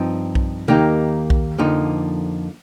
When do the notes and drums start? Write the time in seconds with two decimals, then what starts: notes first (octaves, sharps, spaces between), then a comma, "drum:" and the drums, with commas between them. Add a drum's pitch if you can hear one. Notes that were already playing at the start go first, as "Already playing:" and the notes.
Already playing: G2 F3 C4 D#4
0.35 drum: kick B1
0.68 D#2 D#3 A#3 D#4 G4, drum: tom C3
1.30 drum: kick B1
1.59 F2 D3 F3 A#3 D#4